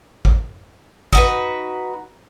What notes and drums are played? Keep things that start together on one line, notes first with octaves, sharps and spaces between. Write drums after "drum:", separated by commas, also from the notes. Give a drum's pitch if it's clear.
drum: kick
D#4 F#4 B4, drum: kick